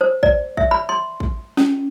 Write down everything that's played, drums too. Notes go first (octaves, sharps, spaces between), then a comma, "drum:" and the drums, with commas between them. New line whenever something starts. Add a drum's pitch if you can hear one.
C5
D5, drum: kick
E5, drum: kick
B5
C6
drum: kick
C#4, drum: snare